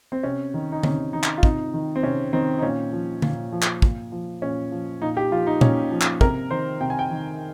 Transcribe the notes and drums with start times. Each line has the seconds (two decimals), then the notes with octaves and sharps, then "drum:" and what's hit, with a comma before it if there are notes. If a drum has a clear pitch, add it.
0.12 C4
0.23 C3 C#4
0.54 D#3
0.72 D#4
0.83 C3 C#4, drum: tom D3
1.13 D#3 D#4
1.23 drum: clap
1.38 F4
1.43 C3 D#4, drum: kick
1.74 D#3
1.96 C4
2.03 C3 C#4
2.33 D#3 C4
2.58 D#4
2.62 A#2 C#4
2.93 F3
3.22 A#2, drum: tom D3
3.52 F3
3.62 drum: clap
3.82 A#2, drum: kick
4.12 F3
4.42 A#2 C#4
4.72 F3
5.01 A#2 D#4
5.17 G4
5.31 F3 F4
5.47 D#4
5.61 A#2 C#4, drum: tom A#2
5.91 F3
6.01 drum: clap
6.21 C3 A#4, drum: kick
6.51 D#3 C5
6.81 C3 G5
6.90 G#5
6.99 G5
7.11 D#3